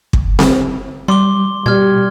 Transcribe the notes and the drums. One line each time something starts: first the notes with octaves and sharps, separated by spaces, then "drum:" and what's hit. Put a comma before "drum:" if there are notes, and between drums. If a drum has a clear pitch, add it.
drum: kick
drum: snare C4
G3 C6 D6 G7
B2 G3 F6 G#6